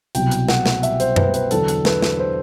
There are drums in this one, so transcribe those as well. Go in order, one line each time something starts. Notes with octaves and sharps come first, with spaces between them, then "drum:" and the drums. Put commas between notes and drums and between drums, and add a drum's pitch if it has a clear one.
C2 B2 F#3 G5, drum: hi-hat
drum: hi-hat
F#5, drum: snare
drum: snare
E5, drum: hi-hat
C5, drum: hi-hat
B4, drum: tom F#2
B4, drum: hi-hat
E2 D3 F#3 A4, drum: hi-hat
drum: hi-hat
B4, drum: snare
drum: snare
C5